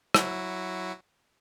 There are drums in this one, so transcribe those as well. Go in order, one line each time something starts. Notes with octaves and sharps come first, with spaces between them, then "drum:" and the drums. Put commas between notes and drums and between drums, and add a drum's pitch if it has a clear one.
F#3 E4 F#4, drum: rim click